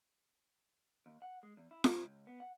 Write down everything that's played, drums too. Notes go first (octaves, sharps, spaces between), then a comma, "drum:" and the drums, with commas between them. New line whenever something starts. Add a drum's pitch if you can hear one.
D#2
F#5
G#3
E2
E4
C3, drum: snare F4
C#2
B3
F#5